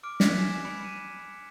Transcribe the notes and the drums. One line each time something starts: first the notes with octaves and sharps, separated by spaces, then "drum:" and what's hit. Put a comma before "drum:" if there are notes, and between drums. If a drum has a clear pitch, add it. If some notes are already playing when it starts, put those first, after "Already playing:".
D6 F6 D7
F#6 G#6 B6, drum: snare
G#5 E7
B5 C#7 D7
D#7